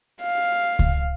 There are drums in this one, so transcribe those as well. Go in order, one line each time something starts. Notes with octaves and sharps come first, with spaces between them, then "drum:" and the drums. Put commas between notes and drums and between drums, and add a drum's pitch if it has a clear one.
F5
drum: kick C#2